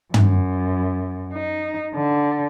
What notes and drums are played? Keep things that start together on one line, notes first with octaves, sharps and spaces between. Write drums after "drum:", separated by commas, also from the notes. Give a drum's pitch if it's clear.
F#2, drum: tom
D#4
D3